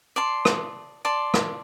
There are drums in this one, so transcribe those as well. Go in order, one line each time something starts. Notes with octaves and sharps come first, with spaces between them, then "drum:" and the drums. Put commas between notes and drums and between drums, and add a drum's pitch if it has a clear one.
D5 A5 C6
drum: rim click
D5 A5 C6
drum: rim click